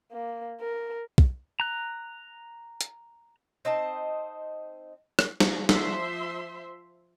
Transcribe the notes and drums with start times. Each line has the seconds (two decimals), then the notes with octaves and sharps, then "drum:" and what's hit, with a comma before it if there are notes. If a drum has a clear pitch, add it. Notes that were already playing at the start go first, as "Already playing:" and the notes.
0.12 A#3
0.61 A#4
1.18 drum: kick
1.60 A#5 F#6
2.81 drum: hi-hat
3.65 C4 D#4 C5 A5
5.19 drum: rim click
5.40 drum: snare
5.69 F3 C5 E5 C6, drum: snare